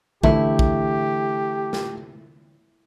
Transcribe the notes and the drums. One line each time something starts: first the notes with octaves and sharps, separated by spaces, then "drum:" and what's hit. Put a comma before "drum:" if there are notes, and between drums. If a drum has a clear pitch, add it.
D3 E3 A3 E4 G4, drum: kick
drum: kick
drum: snare